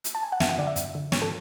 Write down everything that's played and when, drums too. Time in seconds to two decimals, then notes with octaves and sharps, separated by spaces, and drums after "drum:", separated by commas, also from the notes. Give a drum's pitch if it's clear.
0.04 drum: hi-hat
0.15 A5
0.23 G#5
0.32 F#5
0.40 F#2 E5, drum: snare
0.49 F#5
0.58 D3 D5
0.67 E5
0.76 F#2, drum: hi-hat
0.95 D3
1.12 G#2 C#5, drum: snare
1.22 A4